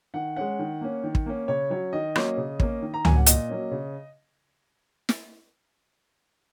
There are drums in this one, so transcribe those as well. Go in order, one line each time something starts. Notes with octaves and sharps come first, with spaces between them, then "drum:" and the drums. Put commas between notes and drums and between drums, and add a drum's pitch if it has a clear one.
D#3 F#5
G#3 C#4 F#5
D#3
A#3 C#4
D#3
drum: kick
A#3 C#4
C#3 C#5
F#3 C#4 C#5
D#3 D#5
F#3 A#3 C#4, drum: rim click
C#3
A#3 C#4, drum: kick
D#3
A#5
F#3 A#3 C#4 G#5, drum: tom C#2
F#5
A#2 D#5, drum: hi-hat
F#3 A#3 C#4
C#3
drum: snare